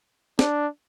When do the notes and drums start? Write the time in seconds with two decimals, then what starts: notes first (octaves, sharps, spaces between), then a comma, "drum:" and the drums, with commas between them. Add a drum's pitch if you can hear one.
0.39 D4, drum: snare